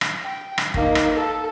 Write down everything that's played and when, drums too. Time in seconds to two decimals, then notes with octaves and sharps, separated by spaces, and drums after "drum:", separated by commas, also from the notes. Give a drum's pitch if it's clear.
0.01 drum: rim click
0.24 G5
0.58 drum: rim click
0.74 A#3 D#4, drum: kick
0.95 drum: rim click
1.14 A4